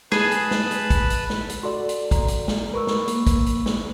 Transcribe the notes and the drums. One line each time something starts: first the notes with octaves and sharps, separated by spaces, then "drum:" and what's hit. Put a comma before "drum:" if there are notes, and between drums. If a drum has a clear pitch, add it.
G#4 B4 A5 B5, drum: snare
drum: hi-hat
drum: snare
drum: hi-hat
drum: kick, hi-hat
drum: hi-hat
drum: snare
drum: hi-hat
F#4 A4 D5 C6
drum: hi-hat
A#5, drum: kick, hi-hat
drum: hi-hat
drum: snare
A#4 B4 B5 C#6 E6
drum: snare
A#3, drum: hi-hat
drum: kick, hi-hat
drum: hi-hat
drum: snare